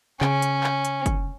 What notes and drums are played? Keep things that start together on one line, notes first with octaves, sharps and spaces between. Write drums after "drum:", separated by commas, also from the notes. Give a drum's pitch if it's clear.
C#3 C#4, drum: clap
drum: hi-hat
drum: clap
drum: hi-hat
drum: kick, hi-hat